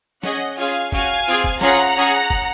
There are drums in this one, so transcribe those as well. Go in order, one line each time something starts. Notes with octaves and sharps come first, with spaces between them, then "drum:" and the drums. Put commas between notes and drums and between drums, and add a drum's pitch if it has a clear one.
C#4 G#4 D#5 F#5, drum: snare
C#4 F4 G#4 F5 G#5
C#4 F#4 F5 G#5, drum: kick F#1
C4 F4 G#4
drum: kick F#1
C#4 F4 G#4 F#5 A#5, drum: snare
C#4 G#4
drum: kick F#1